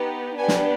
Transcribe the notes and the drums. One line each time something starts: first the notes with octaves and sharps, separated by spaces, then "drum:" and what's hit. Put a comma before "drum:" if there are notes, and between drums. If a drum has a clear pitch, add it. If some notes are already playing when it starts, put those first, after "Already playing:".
Already playing: B3 D#4 G4
B3 D4 G4 G#5
drum: snare